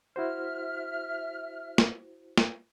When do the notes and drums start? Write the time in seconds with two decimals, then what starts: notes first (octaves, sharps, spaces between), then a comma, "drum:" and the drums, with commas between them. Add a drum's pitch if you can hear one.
0.16 E4 F#4 C5 E5 F6
1.78 drum: snare
2.38 drum: snare